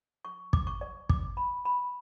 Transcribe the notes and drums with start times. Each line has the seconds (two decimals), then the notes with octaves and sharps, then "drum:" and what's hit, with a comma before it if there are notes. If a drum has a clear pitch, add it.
0.25 C#6
0.53 D6, drum: kick
0.67 C#6
0.81 D5
1.09 D6, drum: kick
1.37 B5
1.65 B5